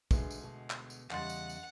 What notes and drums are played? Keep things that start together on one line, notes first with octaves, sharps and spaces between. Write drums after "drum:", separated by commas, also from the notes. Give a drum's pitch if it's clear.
D2 G#3 D4 G#4 B4 D5, drum: kick, tambourine
drum: tambourine
B2
drum: clap
drum: tambourine
E2 C#3 G3 D#5 F#5 C6 A6, drum: clap
drum: tambourine
drum: tambourine